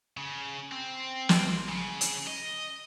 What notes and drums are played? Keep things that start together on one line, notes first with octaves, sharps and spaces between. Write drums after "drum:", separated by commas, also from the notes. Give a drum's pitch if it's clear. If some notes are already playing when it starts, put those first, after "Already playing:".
C#3
C4
drum: snare
C#3
drum: hi-hat
D#5